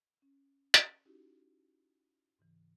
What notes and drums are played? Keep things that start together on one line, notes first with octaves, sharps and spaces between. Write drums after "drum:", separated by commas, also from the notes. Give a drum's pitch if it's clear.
C#4
drum: hi-hat
C#4 D#4 E4 F#4 G4
G#2 C#3 E3